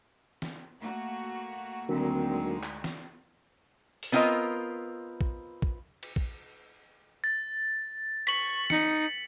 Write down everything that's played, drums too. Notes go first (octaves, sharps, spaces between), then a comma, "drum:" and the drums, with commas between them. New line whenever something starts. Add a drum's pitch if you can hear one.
drum: snare
A3 A#3 F#4
D2 D3 D#3 F#3 G#3 A#3 C4
drum: clap
drum: snare
drum: open hi-hat
B3 C4 F4 A#4 D#5
drum: kick
drum: kick
drum: cymbal
drum: kick
A6
C#6 B6 F#7, drum: cymbal
D#4 C#7, drum: snare